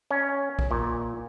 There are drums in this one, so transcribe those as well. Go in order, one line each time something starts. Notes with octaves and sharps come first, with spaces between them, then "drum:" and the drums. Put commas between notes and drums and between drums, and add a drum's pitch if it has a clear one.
C#4
drum: kick
A#2